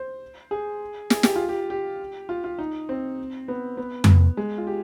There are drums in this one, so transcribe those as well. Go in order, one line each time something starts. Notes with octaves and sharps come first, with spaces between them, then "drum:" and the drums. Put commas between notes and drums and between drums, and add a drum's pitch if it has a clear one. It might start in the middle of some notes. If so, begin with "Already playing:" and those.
Already playing: C5
G#4
G#4, drum: snare
G4, drum: snare
F4
G4
G4
F4
F4
D#4
C4
B3
B3
drum: tom F2
G#3
F4
G4